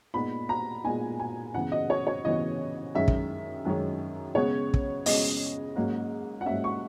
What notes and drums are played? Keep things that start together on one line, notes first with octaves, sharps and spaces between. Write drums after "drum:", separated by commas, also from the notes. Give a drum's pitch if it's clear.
A#2 G#3 B3 D#4 B5
A#5
A#2 G#3 B3 D#4 G#5
G#5
C#3 E3 B3 F#5
D#5
C#5
C#5
C#3 E3 B3 D#5
F#2 D#3 G#3 C#4 E5
drum: kick
F#2 D#3 G#3 C#4
C#3 G#3 B3 C#5
drum: kick
C#3 G#3 B3 D#5, drum: open hi-hat
G#2 F#3 A#3 C#4
F#5
G#2 F#3 A#3 C#4 E5
C#6